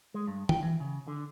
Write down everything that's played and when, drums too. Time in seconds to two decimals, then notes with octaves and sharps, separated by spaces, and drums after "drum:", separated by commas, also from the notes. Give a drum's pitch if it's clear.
0.14 G#3
0.27 G2
0.49 G5, drum: tom
0.63 E3
0.80 C#3
1.08 D3